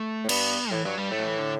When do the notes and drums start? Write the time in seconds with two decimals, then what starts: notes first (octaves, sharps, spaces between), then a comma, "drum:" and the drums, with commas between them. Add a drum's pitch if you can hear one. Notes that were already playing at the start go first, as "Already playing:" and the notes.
Already playing: A3
0.24 A2
0.29 G2 B3, drum: cymbal
0.71 A2 E3
0.84 G2 F#3
0.97 G2 G3
1.11 A2 A3
1.19 F#3
1.25 E3
1.39 D3